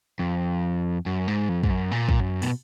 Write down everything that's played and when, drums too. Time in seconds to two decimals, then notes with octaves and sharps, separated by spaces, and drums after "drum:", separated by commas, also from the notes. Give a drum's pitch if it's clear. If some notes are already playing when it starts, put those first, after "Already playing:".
0.19 F2
1.06 F#2
1.28 G#2
1.49 F2
1.63 G#2, drum: kick
1.70 F#2
1.91 A#2
2.09 drum: kick
2.20 F#2
2.42 B2, drum: open hi-hat